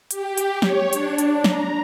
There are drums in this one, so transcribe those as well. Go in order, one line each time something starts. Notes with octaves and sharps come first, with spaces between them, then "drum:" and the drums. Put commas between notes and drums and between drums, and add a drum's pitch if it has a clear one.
G4, drum: hi-hat
drum: hi-hat
C#5, drum: snare
D4, drum: hi-hat
drum: hi-hat
A#5, drum: snare